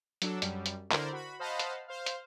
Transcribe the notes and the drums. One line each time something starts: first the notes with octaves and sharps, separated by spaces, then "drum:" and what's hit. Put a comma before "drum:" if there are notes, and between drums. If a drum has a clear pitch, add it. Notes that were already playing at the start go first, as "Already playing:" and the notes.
F#3 D4 A4, drum: hi-hat
F#2 G3, drum: hi-hat
drum: hi-hat
D3 E4 A#4 C5 D5, drum: clap
F#4 B5
C5 D#5 F5 F#5 A5 B5
drum: hi-hat
C5 F5
drum: hi-hat